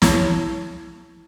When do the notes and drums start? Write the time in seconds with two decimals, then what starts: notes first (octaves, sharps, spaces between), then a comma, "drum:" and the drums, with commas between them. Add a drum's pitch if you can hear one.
0.02 E4 C#5 A5, drum: snare